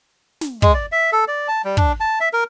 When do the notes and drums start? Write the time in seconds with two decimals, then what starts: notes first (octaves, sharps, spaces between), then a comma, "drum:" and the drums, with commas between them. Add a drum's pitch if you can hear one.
0.41 drum: snare
0.62 G#3, drum: kick
0.74 D5
0.92 E5
1.12 A4
1.28 D5
1.48 A5
1.65 G3
1.77 D4, drum: kick
2.00 A5
2.20 E5
2.33 A#4